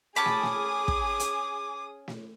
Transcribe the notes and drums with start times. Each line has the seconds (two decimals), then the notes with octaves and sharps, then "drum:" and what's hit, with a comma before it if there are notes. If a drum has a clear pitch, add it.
0.16 C#4 G#4 A5 B5 D6 D#6
0.26 drum: snare
0.43 drum: snare
0.88 drum: kick
1.20 drum: hi-hat
2.08 drum: snare